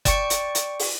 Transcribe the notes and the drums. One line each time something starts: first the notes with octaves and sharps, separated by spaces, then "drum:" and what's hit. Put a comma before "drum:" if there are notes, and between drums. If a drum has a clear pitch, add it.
D5 G5 C#6 C#7, drum: kick F#1, hi-hat
drum: hi-hat
drum: hi-hat
drum: open hi-hat